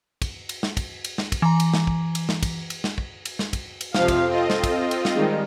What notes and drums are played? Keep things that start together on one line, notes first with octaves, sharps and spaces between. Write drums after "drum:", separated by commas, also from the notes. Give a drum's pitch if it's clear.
drum: kick, cymbal
drum: cymbal
drum: snare
drum: kick, cymbal
drum: cymbal
drum: snare
drum: kick, cymbal
E3 A#5
drum: cymbal
drum: snare
drum: kick
drum: cymbal
drum: snare
drum: kick, cymbal
drum: cymbal
drum: snare
drum: kick
drum: cymbal
drum: snare
drum: kick, cymbal
drum: cymbal
F2 C3 F3 C5 F5, drum: snare
drum: kick, cymbal
C4 F4 A4 D#5
drum: snare
drum: kick, cymbal
drum: cymbal
drum: snare
D#3 G3 G#3